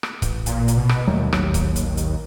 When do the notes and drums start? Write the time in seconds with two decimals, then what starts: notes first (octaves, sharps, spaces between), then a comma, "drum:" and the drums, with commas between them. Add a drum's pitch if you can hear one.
0.03 drum: rim click
0.22 A1, drum: kick C#1, hi-hat
0.46 A#2, drum: hi-hat
0.68 drum: hi-hat
0.77 B2
0.89 drum: rim click
1.07 D#2 F#3 G3 A3
1.33 A1 F#3, drum: rim click
1.54 drum: kick C#1, hi-hat
1.76 drum: hi-hat
1.97 drum: hi-hat